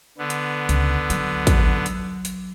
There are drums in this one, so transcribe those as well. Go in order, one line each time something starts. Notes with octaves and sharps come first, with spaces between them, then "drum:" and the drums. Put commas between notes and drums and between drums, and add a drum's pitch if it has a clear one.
D3 B3
drum: hi-hat
C#2, drum: hi-hat
F#3, drum: hi-hat
drum: kick, hi-hat
drum: hi-hat
drum: hi-hat